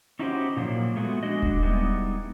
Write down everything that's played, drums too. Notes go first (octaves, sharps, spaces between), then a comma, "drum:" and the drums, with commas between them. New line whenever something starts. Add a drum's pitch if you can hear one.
C#4 D#4 E4 F#4 G4 C5
A#2 D3 F3 F#3 A#3
G#3 A3 B3 D#4 F#4
G#3 D4 F#4 D#5
drum: kick D#1
G3 G#3 B3 D#4 E4